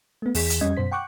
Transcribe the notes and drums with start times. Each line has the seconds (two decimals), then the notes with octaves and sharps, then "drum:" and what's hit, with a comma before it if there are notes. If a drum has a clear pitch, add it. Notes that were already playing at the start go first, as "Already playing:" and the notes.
0.22 A3 B3
0.35 E2 E3 G#4 B6, drum: open hi-hat
0.50 drum: hi-hat
0.61 F2 G3 C#4 D#5 G#6
0.77 F#2 B2 C5 B6
0.92 F#5 G5 C#6 D6 F#6